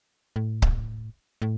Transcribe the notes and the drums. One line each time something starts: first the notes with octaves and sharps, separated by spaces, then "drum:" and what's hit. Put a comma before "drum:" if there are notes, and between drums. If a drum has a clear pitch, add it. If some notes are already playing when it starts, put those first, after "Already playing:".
A2
drum: kick C#1
A2